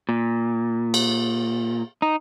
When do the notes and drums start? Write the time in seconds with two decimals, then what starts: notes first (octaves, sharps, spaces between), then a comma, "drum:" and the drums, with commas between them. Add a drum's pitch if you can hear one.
0.09 A#2
0.94 drum: cymbal
2.02 D#4